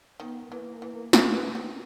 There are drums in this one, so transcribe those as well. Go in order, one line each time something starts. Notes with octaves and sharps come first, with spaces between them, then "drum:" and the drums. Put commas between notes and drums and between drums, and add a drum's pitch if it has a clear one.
D#3 B3
E3 A#3
E3
F3, drum: snare
E3
D#3